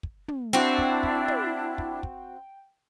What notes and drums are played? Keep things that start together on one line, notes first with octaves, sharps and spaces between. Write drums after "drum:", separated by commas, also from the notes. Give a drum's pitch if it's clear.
drum: kick
drum: tom
C4 D4 E4 F#4 G5
drum: kick
drum: kick
drum: tom
drum: kick
drum: kick